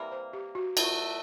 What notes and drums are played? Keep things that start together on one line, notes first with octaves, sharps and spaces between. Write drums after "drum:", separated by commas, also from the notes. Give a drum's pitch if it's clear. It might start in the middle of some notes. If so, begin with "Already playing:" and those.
Already playing: C3 E3 G3 A#3
C5
G4
F#4
B2 F#3 A3 F4, drum: cymbal